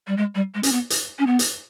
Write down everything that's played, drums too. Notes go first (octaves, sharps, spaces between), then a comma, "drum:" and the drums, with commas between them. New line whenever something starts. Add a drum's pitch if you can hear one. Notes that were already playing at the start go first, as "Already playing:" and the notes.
G3
G#3
G3
G#3
C#4, drum: hi-hat
B3
drum: hi-hat
C#4
B3
drum: hi-hat